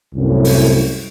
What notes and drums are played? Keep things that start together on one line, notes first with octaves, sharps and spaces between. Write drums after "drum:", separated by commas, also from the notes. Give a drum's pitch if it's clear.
C2 F#2 A2
drum: open hi-hat